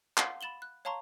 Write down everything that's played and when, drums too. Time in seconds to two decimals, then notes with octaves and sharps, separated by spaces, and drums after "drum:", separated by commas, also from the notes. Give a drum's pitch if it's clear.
0.18 F5 F#5 C6 G6 C7, drum: clap
0.41 B5 A6 E7 F#7 G7
0.62 F#6
0.85 C#5 F5 A5 A#5 C6 C#6